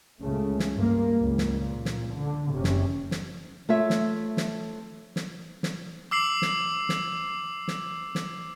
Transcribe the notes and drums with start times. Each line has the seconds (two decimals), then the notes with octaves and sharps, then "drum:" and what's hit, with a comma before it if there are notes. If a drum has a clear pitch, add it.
0.21 C#2 C#3 A3
0.59 drum: snare
0.74 G2 A#3
1.20 C#2
1.38 drum: snare
1.54 A#2
1.85 drum: snare
2.15 D3
2.52 F#1 C3 C#4
2.64 drum: snare
3.11 drum: snare
3.69 A3 F4 C#5 E5
3.90 drum: snare
4.37 drum: snare
5.16 drum: snare
5.63 drum: snare
6.11 D6 E6 C7 F#7
6.42 drum: snare
6.89 drum: snare
7.68 drum: snare
8.15 drum: snare